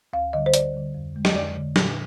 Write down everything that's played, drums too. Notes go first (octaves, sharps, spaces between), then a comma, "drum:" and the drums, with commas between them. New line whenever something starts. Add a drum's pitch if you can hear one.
D2 F5
D3 G3 D#5
C5
D2 D5, drum: hi-hat
D3 G3
F2
D3 G#3
D#5, drum: snare
F2 D5
D3 G#3
A#2, drum: snare